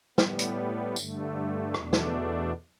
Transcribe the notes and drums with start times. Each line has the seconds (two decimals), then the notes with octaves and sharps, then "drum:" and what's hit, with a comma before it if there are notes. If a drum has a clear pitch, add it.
0.18 A2 G3 B3, drum: snare
0.39 drum: hi-hat
0.96 G2 D3 A3, drum: tambourine
1.74 E2 B2 A3 D4, drum: rim click
1.93 drum: snare